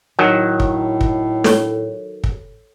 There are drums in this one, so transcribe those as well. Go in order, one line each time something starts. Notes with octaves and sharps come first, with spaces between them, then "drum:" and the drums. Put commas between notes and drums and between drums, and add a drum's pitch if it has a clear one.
A2 D#3 F#3
drum: kick
drum: kick
A4 C#5 C#6, drum: snare
drum: kick